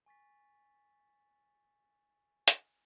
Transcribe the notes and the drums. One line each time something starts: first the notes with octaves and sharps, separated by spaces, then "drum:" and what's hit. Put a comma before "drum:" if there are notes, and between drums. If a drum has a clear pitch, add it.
G#5 C#6 A6 B6
drum: hi-hat